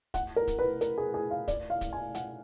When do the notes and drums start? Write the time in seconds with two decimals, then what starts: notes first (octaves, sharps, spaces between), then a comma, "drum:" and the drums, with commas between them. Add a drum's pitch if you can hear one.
0.14 F#5, drum: kick, hi-hat
0.36 A#4
0.47 drum: kick, hi-hat
0.59 B4
0.81 A#4, drum: hi-hat
0.98 G#4
1.14 G#4
1.31 F5
1.48 D5, drum: kick, hi-hat
1.70 F5
1.81 drum: kick, hi-hat
1.93 G#5
2.15 F#5, drum: hi-hat